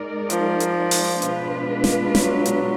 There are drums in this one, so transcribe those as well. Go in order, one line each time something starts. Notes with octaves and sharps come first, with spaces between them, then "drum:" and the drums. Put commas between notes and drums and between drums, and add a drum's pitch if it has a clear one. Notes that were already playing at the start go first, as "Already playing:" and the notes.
Already playing: G#3 D#4 A#4 D5
F3, drum: hi-hat
drum: hi-hat
drum: open hi-hat
B2 G#3 D4 F4 B4, drum: hi-hat
drum: snare
F#3, drum: snare
drum: hi-hat